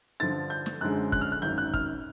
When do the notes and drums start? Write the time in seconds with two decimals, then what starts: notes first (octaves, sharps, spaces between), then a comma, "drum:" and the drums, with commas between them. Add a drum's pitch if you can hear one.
0.20 G2 D3 F3 A6
0.50 G6
0.66 drum: snare
0.81 F#2 D3 F3 G#3 F#6
1.12 F#6, drum: kick
1.21 F6
1.32 F#6
1.42 G#1 F#2 D#3 G6
1.58 F#6
1.74 F6, drum: kick